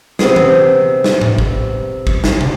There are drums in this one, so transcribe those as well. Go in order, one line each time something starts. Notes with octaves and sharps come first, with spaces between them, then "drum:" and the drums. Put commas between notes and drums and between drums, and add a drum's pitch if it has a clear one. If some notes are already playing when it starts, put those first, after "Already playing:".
C3 B3 G#4, drum: snare
drum: tom E3
drum: snare
drum: tom A2
drum: kick
drum: kick
drum: snare
drum: tom